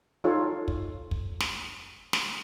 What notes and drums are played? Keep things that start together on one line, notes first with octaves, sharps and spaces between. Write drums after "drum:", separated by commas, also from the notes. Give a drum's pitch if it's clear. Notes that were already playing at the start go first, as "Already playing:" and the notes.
D#4 F4 A4 C#5
drum: kick
drum: kick
drum: snare
drum: snare